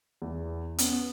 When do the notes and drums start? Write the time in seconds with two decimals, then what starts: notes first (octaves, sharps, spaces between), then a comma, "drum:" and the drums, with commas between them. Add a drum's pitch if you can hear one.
0.22 E2
0.78 B3 C#4, drum: hi-hat